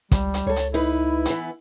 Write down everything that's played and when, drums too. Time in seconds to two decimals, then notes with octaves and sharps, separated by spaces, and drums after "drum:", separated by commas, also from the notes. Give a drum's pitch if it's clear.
0.11 C#2 G3, drum: kick, hi-hat
0.34 drum: hi-hat
0.47 C#2 A4 C#5
0.56 drum: hi-hat
0.74 D#4 E4 B4
1.25 E3 B3, drum: hi-hat